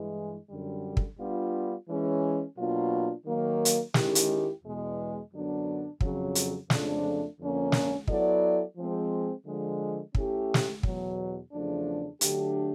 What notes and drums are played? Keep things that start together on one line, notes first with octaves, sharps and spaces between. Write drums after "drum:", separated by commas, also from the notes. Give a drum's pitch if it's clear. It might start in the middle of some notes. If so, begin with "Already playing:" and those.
Already playing: G2 E3 G#3
F#2 D3 G3
drum: kick
G3 B3 D4 F4
E3 G#3 C#4
B2 F#3 A#3 D4 F4
D#3 F#3 A#3
drum: hi-hat
D#3 G#3 C#4 E4 G4, drum: snare
drum: hi-hat
E2 B2 G#3
F#2 D3 F#3 B3 D4
F2 C#3 F#3, drum: kick
drum: hi-hat
F2 C#3 F3 A3 D4, drum: snare
F2 D3 F3 A#3 C#4
drum: snare
F#3 B3 E4 A4 D5, drum: kick
F3 G#3 C4
D3 F3 G#3
A3 C#4 E4 G4, drum: kick
drum: snare
E2 B2 F#3, drum: kick
E2 C#3 F3 A3 D4
D3 F#3 A3 D4 G4, drum: hi-hat